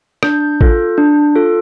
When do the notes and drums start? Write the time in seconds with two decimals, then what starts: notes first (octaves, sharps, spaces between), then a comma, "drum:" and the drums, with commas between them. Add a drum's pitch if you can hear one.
0.23 D4 G6, drum: rim click
0.61 F4 A4, drum: kick A1
0.98 D4
1.35 F4 A4